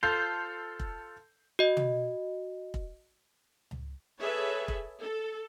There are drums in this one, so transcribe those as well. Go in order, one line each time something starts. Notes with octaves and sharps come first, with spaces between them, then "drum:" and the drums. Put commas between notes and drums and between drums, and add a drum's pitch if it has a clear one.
F4 A4 C5 G6 C7
drum: kick
F#4 D#5
drum: tom
drum: kick
drum: tom C#2
G#4 A4 B4 C#5 E5
drum: kick
A4